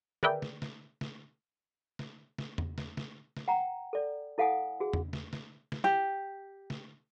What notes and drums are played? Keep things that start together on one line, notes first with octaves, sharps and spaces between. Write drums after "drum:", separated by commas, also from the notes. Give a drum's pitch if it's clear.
G#4 A#4 B4 D5 E5 G5, drum: tom D3
drum: snare
drum: snare
drum: snare
drum: snare
drum: snare
drum: tom E2
drum: snare
drum: snare
drum: snare
F#5 G5 A#5
A4 D5
E4 A4 F5 F#5 G#5 D#6
F#4 G#4
drum: tom E2
drum: snare
drum: snare
drum: snare
G4
drum: snare